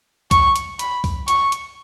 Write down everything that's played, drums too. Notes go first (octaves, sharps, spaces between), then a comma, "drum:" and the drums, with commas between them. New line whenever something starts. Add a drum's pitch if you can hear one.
C#6, drum: kick, hi-hat
drum: hi-hat
B5, drum: hi-hat
drum: kick, open hi-hat
C#6, drum: hi-hat
drum: hi-hat